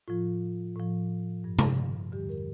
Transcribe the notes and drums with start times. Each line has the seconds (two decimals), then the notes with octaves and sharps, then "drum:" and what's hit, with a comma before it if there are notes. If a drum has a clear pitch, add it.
0.08 A2 F3 F4
0.76 A2 F3
1.44 G2 F3
1.59 drum: tom C3
2.12 E2 D3 G3 G4
2.29 A#4